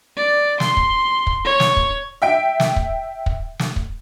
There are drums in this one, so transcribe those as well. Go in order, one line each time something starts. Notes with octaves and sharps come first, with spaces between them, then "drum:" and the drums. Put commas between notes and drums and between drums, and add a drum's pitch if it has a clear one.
D5
C6, drum: snare
drum: kick
drum: kick
C#5
drum: snare
drum: kick
E5 G5 D7
drum: snare
drum: kick
drum: kick
drum: snare
drum: kick